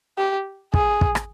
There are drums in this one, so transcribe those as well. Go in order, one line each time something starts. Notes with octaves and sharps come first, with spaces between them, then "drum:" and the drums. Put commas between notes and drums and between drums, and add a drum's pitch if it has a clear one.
G4
G#4, drum: kick
drum: kick
drum: rim click